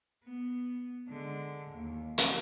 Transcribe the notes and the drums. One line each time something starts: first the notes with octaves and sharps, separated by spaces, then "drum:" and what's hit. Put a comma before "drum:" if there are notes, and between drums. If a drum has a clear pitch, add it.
B3
D3 G#3
D#2
drum: hi-hat